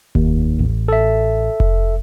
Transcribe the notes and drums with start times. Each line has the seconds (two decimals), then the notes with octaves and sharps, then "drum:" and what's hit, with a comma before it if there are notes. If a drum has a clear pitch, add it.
0.15 D#2, drum: kick F1
0.59 A1
0.88 A4 E5
1.60 drum: kick F1